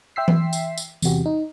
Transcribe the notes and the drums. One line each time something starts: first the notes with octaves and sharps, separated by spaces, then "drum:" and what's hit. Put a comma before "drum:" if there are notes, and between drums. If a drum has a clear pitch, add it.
E5 G5 C6 E6 B6 C7
drum: tom E3
drum: tambourine
drum: tambourine
E2 C3 F#4 G4, drum: tambourine
D#4